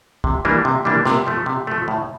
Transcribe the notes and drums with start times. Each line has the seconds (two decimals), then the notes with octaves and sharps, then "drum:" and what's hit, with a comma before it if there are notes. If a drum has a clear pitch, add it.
0.24 C3, drum: kick
0.45 E3 G3 A#3 D4
0.65 C3
0.85 E3 G3 A#3 D4
1.06 C3, drum: snare
1.27 F3 A3
1.46 C3
1.67 F3 A3
1.88 A2